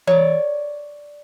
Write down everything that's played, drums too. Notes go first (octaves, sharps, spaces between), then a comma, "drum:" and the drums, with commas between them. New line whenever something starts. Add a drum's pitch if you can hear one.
C#5 D5, drum: tom E3